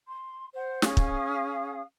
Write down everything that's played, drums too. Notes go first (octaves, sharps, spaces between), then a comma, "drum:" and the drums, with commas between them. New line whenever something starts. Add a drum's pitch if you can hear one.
C6
C5 F#5
C#4 G#4 F5 D#6, drum: snare
drum: kick